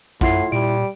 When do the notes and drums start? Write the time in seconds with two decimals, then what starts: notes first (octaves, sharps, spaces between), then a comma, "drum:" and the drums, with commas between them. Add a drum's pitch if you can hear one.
0.21 F#2 A2 E4 F4 F#5 C7, drum: kick
0.52 A#2 G3 D7